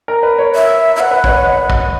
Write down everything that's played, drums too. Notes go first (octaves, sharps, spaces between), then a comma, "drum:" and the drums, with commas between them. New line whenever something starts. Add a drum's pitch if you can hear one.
A#4
B4
C#5
E5
E5
B4 F#5
B4
C#5, drum: kick
B4
C#5
D#5
drum: kick